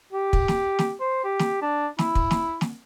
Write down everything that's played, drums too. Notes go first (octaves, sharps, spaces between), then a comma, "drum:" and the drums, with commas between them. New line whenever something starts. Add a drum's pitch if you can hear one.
G4
drum: kick
drum: snare
drum: snare
C5
G4
drum: snare
D4
E4, drum: snare
drum: kick
drum: snare
drum: snare